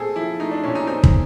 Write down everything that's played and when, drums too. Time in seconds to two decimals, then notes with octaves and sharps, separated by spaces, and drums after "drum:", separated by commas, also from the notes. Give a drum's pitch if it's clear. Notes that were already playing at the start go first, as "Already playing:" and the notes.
Already playing: A#2 A3 C4 G#4 A4
0.16 F3 E4
0.40 A3 D#4
0.51 D4
0.63 A#2 C#4
0.75 D#4
0.87 C4 D#4
1.04 drum: kick